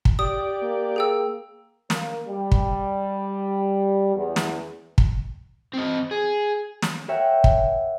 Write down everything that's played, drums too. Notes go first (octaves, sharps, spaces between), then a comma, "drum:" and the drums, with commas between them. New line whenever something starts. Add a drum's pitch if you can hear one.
drum: kick
G4 D5 D#6
A#3
G#4 G5 E6
A#3, drum: snare
G3
drum: kick
E2
drum: snare
drum: kick
C4 D#5
G#4
drum: snare
A#4 C#5 E5 F#5 G5
drum: kick